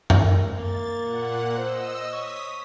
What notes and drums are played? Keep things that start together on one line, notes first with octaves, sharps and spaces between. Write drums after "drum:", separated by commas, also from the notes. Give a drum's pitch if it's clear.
drum: tom F#2
A#4
A#3 A6
A#2 F#5
C5 D#5 E6
C#5 D#6 B6